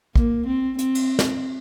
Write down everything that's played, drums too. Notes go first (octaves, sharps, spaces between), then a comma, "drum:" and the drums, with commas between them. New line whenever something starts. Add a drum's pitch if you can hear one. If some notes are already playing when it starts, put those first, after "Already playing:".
A#3, drum: kick
C4
C4, drum: hi-hat
drum: cymbal
drum: snare